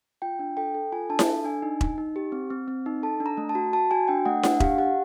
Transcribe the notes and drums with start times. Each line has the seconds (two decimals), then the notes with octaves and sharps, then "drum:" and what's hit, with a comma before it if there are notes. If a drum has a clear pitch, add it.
0.22 F4 G5
0.39 D4
0.57 A4 G5
0.75 A4
0.92 F4 G#5
1.09 D4 A5
1.19 drum: snare E4
1.28 A4
1.44 D4 G#5
1.62 D#4
1.81 D#4, drum: kick E1
1.98 D#4
2.16 G4
2.32 C4
2.50 C4
2.68 C4
2.86 D#4
3.03 A4 A5
3.20 D4
3.26 A#5
3.37 A3
3.49 A5
3.55 F#4
3.73 F#4 A5
3.91 F#4 G#5
4.08 D4 G5
4.26 A3 F#5
4.43 D4 F#5, drum: snare E4
4.60 G4 F5, drum: kick E1
4.78 G4 F#5